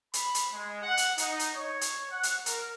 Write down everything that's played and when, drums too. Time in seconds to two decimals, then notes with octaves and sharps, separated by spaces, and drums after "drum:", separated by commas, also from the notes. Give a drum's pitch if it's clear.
0.14 B5, drum: hi-hat
0.34 drum: hi-hat
0.52 G#3
0.82 F#5
0.97 drum: hi-hat
1.18 D#4, drum: hi-hat
1.39 drum: hi-hat
1.55 C#5
1.81 drum: hi-hat
2.09 F#5
2.23 drum: hi-hat
2.46 A#4, drum: hi-hat